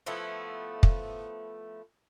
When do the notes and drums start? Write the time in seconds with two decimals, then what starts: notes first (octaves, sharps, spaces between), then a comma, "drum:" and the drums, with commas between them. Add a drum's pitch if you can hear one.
0.06 F3 A3 B3 E4
0.83 drum: kick